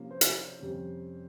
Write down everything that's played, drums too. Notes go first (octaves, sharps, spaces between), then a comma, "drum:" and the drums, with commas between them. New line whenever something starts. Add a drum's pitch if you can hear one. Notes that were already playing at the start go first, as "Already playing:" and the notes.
Already playing: C3 F3 A#3 C#4
C5
drum: hi-hat
F2 C3 G3 C#4